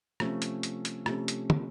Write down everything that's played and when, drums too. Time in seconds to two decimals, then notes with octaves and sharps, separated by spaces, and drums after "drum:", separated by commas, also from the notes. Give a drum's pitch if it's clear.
0.20 C3 F3 A3 C#4, drum: rim click
0.42 drum: hi-hat
0.63 drum: hi-hat
0.85 drum: hi-hat
1.06 C3 F3 A3 C#4, drum: rim click
1.28 drum: hi-hat
1.50 drum: tom